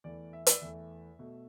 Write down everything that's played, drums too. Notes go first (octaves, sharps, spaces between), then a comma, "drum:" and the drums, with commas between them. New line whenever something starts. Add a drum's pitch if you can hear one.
E2 E3 A3 D5
E5
D5, drum: hi-hat
E2 E3 A3 E5
B2 A3